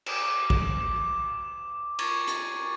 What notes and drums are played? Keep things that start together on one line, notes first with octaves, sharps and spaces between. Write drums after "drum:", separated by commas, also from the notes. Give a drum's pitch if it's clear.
D6 E7, drum: cymbal
drum: kick
C#6 G#6 A6, drum: cymbal
drum: hi-hat